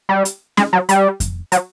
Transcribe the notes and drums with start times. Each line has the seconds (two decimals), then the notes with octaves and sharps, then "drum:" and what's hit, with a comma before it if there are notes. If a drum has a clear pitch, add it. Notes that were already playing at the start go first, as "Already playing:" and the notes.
0.09 G3
0.25 drum: hi-hat
0.57 G#3, drum: snare C#4
0.73 F#3
0.89 G3, drum: hi-hat
1.20 drum: kick F2, hi-hat
1.52 F#3, drum: hi-hat